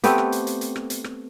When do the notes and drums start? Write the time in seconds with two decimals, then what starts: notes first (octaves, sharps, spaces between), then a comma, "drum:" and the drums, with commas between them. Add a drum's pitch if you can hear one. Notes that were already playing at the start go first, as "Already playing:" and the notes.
0.04 A3 B3 C4 G4, drum: hi-hat
0.18 drum: rim click
0.32 drum: hi-hat
0.47 drum: hi-hat
0.61 drum: hi-hat
0.76 drum: rim click
0.90 drum: hi-hat
1.04 drum: rim click